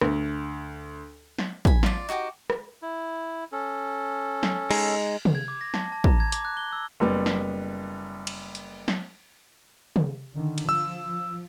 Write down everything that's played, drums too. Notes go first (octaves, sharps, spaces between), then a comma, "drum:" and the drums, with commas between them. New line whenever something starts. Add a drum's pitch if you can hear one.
D2, drum: rim click
drum: snare
G#5 B5, drum: kick
F4 D5, drum: snare
D#4 F#4 G4 D6
drum: rim click
E4
C#4 A4
drum: snare
G#3 D#4, drum: cymbal
drum: tom
G#6
D6
A#6
A5, drum: snare
A5
A#5, drum: kick
G#6
D6, drum: hi-hat
F#6
G7
E6
F#1 G3 B3
drum: snare
drum: cymbal
drum: hi-hat
drum: snare
drum: tom
D3 D#3
drum: cymbal
F3 E6